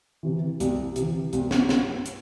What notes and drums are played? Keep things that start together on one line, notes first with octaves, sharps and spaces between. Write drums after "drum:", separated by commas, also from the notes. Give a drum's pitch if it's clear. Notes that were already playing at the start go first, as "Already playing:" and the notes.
C3 E3
C2, drum: hi-hat
C3 E3, drum: hi-hat
C2, drum: hi-hat
drum: snare
drum: snare
drum: hi-hat